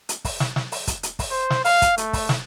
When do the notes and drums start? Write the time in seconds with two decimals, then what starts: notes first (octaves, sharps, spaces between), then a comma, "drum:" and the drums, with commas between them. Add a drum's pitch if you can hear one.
0.09 drum: hi-hat
0.25 drum: kick, open hi-hat
0.40 drum: snare
0.56 drum: snare
0.72 drum: open hi-hat
0.87 drum: kick, hi-hat
1.03 drum: hi-hat
1.19 drum: kick, open hi-hat
1.31 C5
1.50 drum: snare
1.65 F5, drum: open hi-hat
1.82 drum: kick, hi-hat
1.98 A3, drum: hi-hat
2.13 drum: kick, open hi-hat
2.29 drum: snare